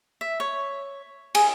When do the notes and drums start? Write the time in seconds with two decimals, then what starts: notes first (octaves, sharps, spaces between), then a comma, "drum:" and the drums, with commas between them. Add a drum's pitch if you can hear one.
0.21 E5
0.40 C#5
1.35 G#4, drum: cymbal